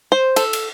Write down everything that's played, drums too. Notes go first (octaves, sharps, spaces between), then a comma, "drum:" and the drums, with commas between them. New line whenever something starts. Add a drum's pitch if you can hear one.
C5
A4, drum: cymbal
drum: cymbal